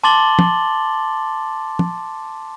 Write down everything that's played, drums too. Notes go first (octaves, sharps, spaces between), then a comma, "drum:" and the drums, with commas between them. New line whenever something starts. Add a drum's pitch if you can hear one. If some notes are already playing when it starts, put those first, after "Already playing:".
A5 C6 D6 A6 F#7 G7
drum: tom
drum: tom